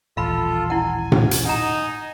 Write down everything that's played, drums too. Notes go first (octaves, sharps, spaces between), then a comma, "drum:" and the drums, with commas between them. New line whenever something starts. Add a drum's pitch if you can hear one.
D#1 A1 F4 A4 F5 B5
E4 F#5 G#5
drum: tom A2
drum: hi-hat
D#4 F#5 A#5